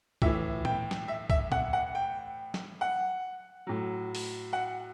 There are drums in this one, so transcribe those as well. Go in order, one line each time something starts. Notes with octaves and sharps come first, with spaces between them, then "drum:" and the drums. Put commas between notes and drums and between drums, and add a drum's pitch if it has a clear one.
A2 E3 E5, drum: kick B1
G5, drum: tom A#2
drum: snare
E5
E5, drum: kick B1
F#5, drum: tom A#2
F#5
G5
drum: snare
F#5
A2 F#3
drum: open hi-hat
F#5